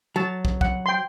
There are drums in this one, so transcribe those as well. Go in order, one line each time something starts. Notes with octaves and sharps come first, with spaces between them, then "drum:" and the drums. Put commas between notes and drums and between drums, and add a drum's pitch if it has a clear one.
F#3 A5
drum: kick
F#5, drum: kick
G5 C6